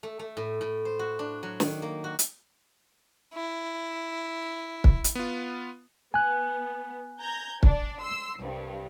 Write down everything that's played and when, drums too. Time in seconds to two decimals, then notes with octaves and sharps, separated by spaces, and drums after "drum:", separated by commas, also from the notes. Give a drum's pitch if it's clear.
0.03 A3
0.19 A3
0.37 A2
0.61 A2
0.85 C5
0.99 F#4
1.19 D4
1.43 F#3
1.60 D#3, drum: snare
1.82 A#3
2.04 F#4
2.19 drum: hi-hat
3.34 E4
4.84 drum: kick
5.04 drum: hi-hat
5.15 B3 F4
6.14 B3 G#5 F#6
7.20 A#5 G6 G#6
7.63 D4 D5, drum: kick
8.01 C6 E6 C7
8.39 C2 G2